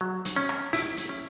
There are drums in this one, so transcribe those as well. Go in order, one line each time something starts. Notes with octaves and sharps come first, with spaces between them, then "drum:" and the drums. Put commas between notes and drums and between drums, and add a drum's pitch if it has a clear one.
F#3
drum: hi-hat
C#4
drum: rim click
E4, drum: open hi-hat
drum: hi-hat
C#4